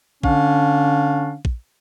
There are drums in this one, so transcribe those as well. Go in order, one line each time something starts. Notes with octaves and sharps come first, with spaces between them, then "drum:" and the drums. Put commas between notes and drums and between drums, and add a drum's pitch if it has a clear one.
D3 C#4 D4 F5, drum: kick
drum: kick